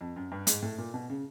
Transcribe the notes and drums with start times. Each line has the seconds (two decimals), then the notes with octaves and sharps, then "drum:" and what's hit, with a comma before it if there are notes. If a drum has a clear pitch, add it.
0.01 F2
0.16 F#2
0.32 G2
0.47 G#2, drum: hi-hat
0.62 A2
0.78 A#2
0.94 B2
1.09 C#3